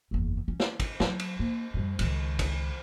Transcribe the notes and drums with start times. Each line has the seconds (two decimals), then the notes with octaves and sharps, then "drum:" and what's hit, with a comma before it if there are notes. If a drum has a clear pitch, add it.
0.11 F#1 E2
0.48 C#4
0.60 drum: snare
0.80 drum: kick, cymbal
1.00 F#3, drum: snare
1.19 drum: cymbal
1.39 A#3
1.74 F#2 G3
1.99 C#2 D#3, drum: cymbal
2.39 drum: kick, cymbal